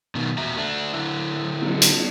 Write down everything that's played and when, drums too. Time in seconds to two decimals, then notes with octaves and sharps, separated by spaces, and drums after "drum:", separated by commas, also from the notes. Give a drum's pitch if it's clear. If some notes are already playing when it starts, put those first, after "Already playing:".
0.15 B2 D#3
0.38 E2 A#2 F#4 E5 A#5
0.57 A3 D4
0.94 D3 E4
1.62 drum: cymbal
1.82 drum: hi-hat